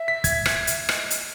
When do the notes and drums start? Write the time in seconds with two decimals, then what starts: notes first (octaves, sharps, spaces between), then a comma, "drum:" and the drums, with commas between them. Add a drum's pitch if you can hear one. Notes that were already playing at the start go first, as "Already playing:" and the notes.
Already playing: E5
0.08 B6
0.24 G#6, drum: kick, hi-hat
0.46 drum: rim click
0.67 drum: hi-hat
0.89 D#5, drum: rim click
1.10 drum: hi-hat